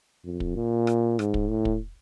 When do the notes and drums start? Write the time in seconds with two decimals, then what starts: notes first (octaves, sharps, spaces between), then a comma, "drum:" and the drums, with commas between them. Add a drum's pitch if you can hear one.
0.25 F2
0.40 drum: kick
0.55 A#2
0.87 drum: rim click
1.19 G#2, drum: rim click
1.34 drum: kick
1.50 A2
1.65 drum: kick